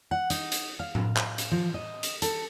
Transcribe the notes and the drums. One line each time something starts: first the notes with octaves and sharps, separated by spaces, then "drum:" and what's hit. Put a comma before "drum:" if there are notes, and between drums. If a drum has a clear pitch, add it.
F#5
D#4, drum: hi-hat
drum: hi-hat
F5
drum: tom A2
drum: clap
drum: hi-hat
F3
D#5
drum: hi-hat
A4, drum: hi-hat